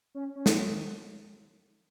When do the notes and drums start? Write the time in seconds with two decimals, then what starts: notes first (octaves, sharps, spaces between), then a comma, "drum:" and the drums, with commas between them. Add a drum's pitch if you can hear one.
0.15 C#4
0.36 C#4
0.46 F3, drum: snare
0.57 F#3
0.70 D#3